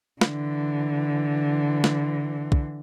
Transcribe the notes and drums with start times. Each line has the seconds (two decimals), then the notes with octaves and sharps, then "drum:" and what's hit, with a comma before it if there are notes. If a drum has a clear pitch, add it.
0.21 D3 E3, drum: snare
1.84 drum: snare
2.52 drum: kick